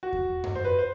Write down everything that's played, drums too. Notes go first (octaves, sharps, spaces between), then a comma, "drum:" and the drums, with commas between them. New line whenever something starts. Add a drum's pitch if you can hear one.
F#4
drum: kick E2
drum: tom F#2
C5
B4
C5